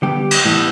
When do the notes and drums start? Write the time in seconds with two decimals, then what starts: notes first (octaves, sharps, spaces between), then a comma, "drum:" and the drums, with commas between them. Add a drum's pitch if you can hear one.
0.02 D3 G3 B3 G4
0.31 drum: cymbal
0.45 A2 E3 G3 B3